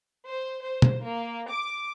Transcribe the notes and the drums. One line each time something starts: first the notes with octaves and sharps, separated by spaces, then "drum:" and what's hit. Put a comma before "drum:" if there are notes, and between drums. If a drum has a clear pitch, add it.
C5
C5
drum: tom
A#3
D6